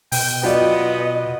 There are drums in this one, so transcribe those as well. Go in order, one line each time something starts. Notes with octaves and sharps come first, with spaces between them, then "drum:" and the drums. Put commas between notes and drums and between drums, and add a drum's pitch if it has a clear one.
B2 G5, drum: open hi-hat
F#3 B3 F4 D5 D#5